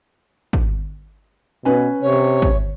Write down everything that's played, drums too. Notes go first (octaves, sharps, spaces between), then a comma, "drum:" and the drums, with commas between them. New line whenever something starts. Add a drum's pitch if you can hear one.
drum: kick
B2 C#4 B4 G#5
C3 C#5
drum: kick